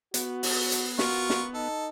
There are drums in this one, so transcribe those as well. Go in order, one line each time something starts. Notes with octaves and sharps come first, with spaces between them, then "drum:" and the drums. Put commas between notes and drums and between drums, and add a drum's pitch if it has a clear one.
B3 F#4, drum: hi-hat
drum: open hi-hat
drum: hi-hat
F4 F#4 A#4 C#6, drum: snare
drum: snare
D#4 A4